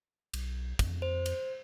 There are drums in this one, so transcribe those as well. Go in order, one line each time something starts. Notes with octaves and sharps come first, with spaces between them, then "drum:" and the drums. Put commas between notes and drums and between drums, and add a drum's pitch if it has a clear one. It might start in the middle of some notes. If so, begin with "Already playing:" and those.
B1, drum: cymbal
F2, drum: kick, cymbal
C5
drum: cymbal